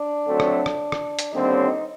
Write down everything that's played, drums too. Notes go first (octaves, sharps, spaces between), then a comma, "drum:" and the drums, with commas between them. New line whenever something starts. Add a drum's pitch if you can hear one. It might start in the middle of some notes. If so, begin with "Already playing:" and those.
Already playing: D4
D2 D3 F#3 A3 C4
drum: rim click
drum: rim click
drum: rim click
drum: hi-hat
D#2 D3 G3 C4 D#4
C#4
D#4